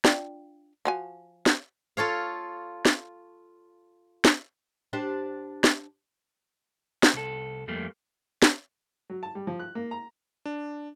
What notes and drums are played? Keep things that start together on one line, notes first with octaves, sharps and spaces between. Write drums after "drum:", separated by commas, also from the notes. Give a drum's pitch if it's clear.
D4 F4 G5, drum: snare
F3 F#4 G#5
drum: snare
F4 A4 C#5 F5
drum: snare
drum: snare
D4 G4 C5
drum: snare
drum: snare
C2 A4
F2 G3 A3 A#3
drum: snare
F#3
A5
G3
F3
F#6
A#3
A#5
D4